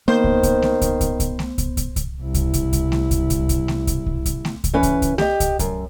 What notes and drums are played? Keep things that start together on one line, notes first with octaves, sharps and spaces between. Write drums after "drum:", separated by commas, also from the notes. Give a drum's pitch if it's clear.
D#3 A#3 B3 C5
drum: kick
drum: kick, hi-hat
drum: snare A3
drum: kick, hi-hat
drum: kick, hi-hat
drum: kick, hi-hat
drum: snare A3
drum: kick, hi-hat
drum: kick, hi-hat
drum: kick, hi-hat
C2 E4
drum: kick, hi-hat
drum: kick, hi-hat
drum: kick, hi-hat
drum: snare A3
drum: kick, hi-hat
drum: kick, hi-hat
drum: kick, hi-hat
drum: snare A3
drum: kick, hi-hat
drum: kick
drum: kick, hi-hat
drum: snare A3
drum: kick, hi-hat
E3 C#4 B4
drum: kick, hi-hat
drum: kick, hi-hat
G4 D#5, drum: snare A3
drum: kick, hi-hat
F#2, drum: kick, hi-hat